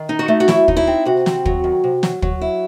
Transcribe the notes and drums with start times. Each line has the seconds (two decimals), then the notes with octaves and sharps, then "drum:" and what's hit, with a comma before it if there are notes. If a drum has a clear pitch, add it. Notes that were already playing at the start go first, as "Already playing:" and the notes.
Already playing: D#3
0.09 D#4
0.19 F#4
0.28 A3
0.40 F#4
0.48 F#3 E4, drum: snare
0.68 D#4, drum: kick
0.77 E4
0.87 C4
1.05 C3 F#4
1.26 C4, drum: snare
1.46 F#3, drum: kick
1.64 D#3
1.84 C3
2.03 F#3, drum: snare
2.22 F#3, drum: kick
2.41 E4